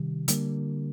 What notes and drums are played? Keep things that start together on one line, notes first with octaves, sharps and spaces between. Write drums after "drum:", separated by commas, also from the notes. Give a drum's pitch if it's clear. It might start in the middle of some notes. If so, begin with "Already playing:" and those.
Already playing: C3 D#3 G3
D3 G3 A#3, drum: hi-hat